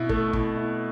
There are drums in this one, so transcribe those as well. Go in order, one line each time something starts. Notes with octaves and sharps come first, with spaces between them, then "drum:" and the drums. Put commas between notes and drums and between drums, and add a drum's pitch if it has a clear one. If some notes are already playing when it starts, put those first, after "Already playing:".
Already playing: B2 E4
A3, drum: kick
E4, drum: kick
E4